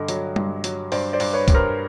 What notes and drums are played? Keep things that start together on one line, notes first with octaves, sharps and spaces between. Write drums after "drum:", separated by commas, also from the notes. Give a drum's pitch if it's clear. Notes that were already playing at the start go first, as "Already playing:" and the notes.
Already playing: G2 D3 D#5
F#3, drum: hi-hat
G2, drum: tom G3
F#3, drum: hi-hat
G2 C5 D5, drum: open hi-hat
C5 D5
G2, drum: open hi-hat
B4 C#5
G2, drum: kick, hi-hat
A#4 C5